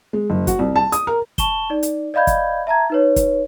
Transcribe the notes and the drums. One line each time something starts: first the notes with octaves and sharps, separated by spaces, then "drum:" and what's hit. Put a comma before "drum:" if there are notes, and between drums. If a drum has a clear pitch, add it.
G#3
F#1
F#4, drum: kick, hi-hat
C2
A5
D#6, drum: hi-hat
A#4
A5 C#6 E7 G7, drum: kick, hi-hat
D#4 D5
drum: hi-hat
D5 D#5 F5 B5 G6 G#6
drum: kick, hi-hat
E5 A5 A#5 G#6
D#4 B4 C#5
drum: kick, hi-hat